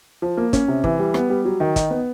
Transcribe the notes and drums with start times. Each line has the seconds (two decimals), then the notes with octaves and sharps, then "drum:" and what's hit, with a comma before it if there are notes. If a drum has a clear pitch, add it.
0.22 F3
0.37 A#3
0.53 C#4, drum: kick, hi-hat
0.68 C3
0.84 E3, drum: kick
0.99 G3
1.14 B3, drum: rim click
1.30 G3
1.45 F#3
1.60 D#3
1.76 D#4, drum: kick, hi-hat
1.91 B3